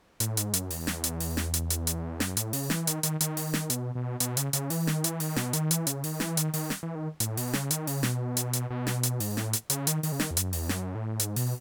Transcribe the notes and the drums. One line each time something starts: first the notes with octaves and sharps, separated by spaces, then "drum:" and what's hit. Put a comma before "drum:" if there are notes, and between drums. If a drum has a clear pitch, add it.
A2, drum: hi-hat
G#2, drum: hi-hat
F#2, drum: hi-hat
E2, drum: open hi-hat
drum: snare
drum: hi-hat
drum: open hi-hat
drum: snare
drum: hi-hat
drum: hi-hat
drum: hi-hat
F#2, drum: snare
A2, drum: hi-hat
C#3, drum: open hi-hat
E3, drum: snare
D#3, drum: hi-hat
D#3, drum: hi-hat
D#3, drum: hi-hat
drum: open hi-hat
drum: snare
B2, drum: hi-hat
B2
B2, drum: hi-hat
C#3, drum: hi-hat
C#3, drum: hi-hat
E3, drum: open hi-hat
D#3, drum: snare
E3, drum: hi-hat
D#3, drum: open hi-hat
B2, drum: snare
D#3, drum: hi-hat
E3, drum: hi-hat
C#3, drum: hi-hat
D#3, drum: open hi-hat
E3, drum: snare
D#3, drum: hi-hat
D#3, drum: open hi-hat
drum: snare
E3
D#3
A2, drum: hi-hat
B2, drum: open hi-hat
C#3, drum: snare
D#3, drum: hi-hat
C#3, drum: open hi-hat
B2, drum: snare
drum: hi-hat
drum: hi-hat
B2
drum: snare
drum: hi-hat
G#2, drum: open hi-hat
A2, drum: snare
drum: hi-hat
C#3, drum: hi-hat
D#3, drum: hi-hat
D#3, drum: open hi-hat
C#3
D#3, drum: snare
E2
F#2, drum: hi-hat
E2, drum: open hi-hat
F#2, drum: snare
A2
G#2, drum: hi-hat
B2, drum: open hi-hat